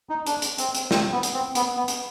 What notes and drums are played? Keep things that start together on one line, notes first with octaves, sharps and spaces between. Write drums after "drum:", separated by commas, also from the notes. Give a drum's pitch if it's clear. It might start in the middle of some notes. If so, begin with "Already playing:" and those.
D#4
D4, drum: hi-hat
drum: hi-hat
C4, drum: hi-hat
drum: hi-hat
C4, drum: snare
B3
drum: hi-hat
C4
B3, drum: hi-hat
B3
drum: hi-hat